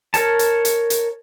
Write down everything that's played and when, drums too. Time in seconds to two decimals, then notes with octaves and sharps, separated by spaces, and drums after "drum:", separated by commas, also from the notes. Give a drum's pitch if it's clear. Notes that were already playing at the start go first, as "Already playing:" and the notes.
0.14 A#4 C#5 A5, drum: hi-hat
0.39 drum: hi-hat
0.65 drum: hi-hat
0.90 drum: hi-hat